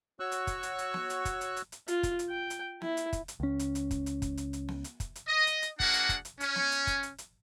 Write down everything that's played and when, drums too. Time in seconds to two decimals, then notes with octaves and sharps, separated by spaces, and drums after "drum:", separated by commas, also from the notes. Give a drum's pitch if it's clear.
0.20 F#4 C#5 C#6 E6 F#6
0.32 drum: hi-hat
0.47 drum: kick, hi-hat
0.63 drum: hi-hat
0.78 drum: hi-hat
0.94 drum: snare
1.10 drum: hi-hat
1.25 drum: kick, hi-hat
1.41 drum: hi-hat
1.57 drum: hi-hat
1.72 drum: hi-hat
1.88 F4, drum: hi-hat
2.03 drum: kick, hi-hat
2.19 drum: hi-hat
2.30 G5
2.50 drum: hi-hat
2.82 E4, drum: snare
2.97 drum: hi-hat
3.13 drum: kick, hi-hat
3.28 drum: hi-hat
3.40 C#2 C#4
3.59 drum: hi-hat
3.75 drum: hi-hat
3.91 drum: kick, hi-hat
4.06 drum: hi-hat
4.22 drum: kick, hi-hat
4.37 drum: hi-hat
4.53 drum: hi-hat
4.69 drum: snare
4.84 drum: hi-hat
5.00 drum: kick, hi-hat
5.16 drum: hi-hat
5.28 D#5
5.47 drum: hi-hat
5.62 drum: hi-hat
5.80 A#3 D4 F#4 G#4 F#5, drum: kick
5.94 drum: hi-hat
6.09 drum: kick, hi-hat
6.25 drum: hi-hat
6.40 C#4, drum: hi-hat
6.56 drum: snare
6.72 drum: hi-hat
6.87 drum: kick, hi-hat
7.03 drum: hi-hat
7.18 drum: hi-hat